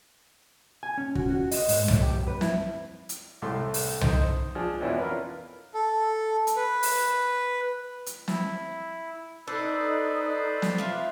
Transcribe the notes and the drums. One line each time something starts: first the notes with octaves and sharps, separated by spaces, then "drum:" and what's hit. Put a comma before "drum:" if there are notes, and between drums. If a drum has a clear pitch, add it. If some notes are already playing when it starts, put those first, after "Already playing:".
G#5
C#4
F#4, drum: kick
F#4
D#5, drum: open hi-hat
G#2, drum: open hi-hat
A2, drum: tom C2
G4
F#2
B4
E4, drum: snare
drum: hi-hat
C2 A2 A3 C6
drum: open hi-hat
D#4 C5, drum: tom C2
F3 D4 G#4
F2 B2 E3 C#4 D4 E4
F4 A#4 B4
A4
drum: hi-hat
B4
drum: open hi-hat
drum: hi-hat
E4, drum: snare
D4 D#4 A4 B4 C5 D5
drum: snare
F3 F4 E5